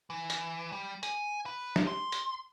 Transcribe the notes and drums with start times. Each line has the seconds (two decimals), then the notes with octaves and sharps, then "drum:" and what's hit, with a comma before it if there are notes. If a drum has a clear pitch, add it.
0.10 E3
0.30 drum: hi-hat
0.72 G3
1.03 G#5, drum: hi-hat
1.46 B4
1.76 drum: snare
1.87 C6
2.12 drum: hi-hat